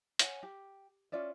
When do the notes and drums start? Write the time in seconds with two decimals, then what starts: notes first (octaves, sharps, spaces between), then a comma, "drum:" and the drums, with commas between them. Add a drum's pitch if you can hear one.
0.19 C#5 F5 F#5 G#5, drum: hi-hat
0.43 G4
1.12 C#4 F4 D5 E5